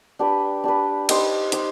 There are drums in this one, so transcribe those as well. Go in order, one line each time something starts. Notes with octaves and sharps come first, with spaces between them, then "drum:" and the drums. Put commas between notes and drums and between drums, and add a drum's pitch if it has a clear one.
D4 G4 B4
D4 G4 B4
D#4 G4 C5, drum: cymbal
D#4 G4 C5, drum: hi-hat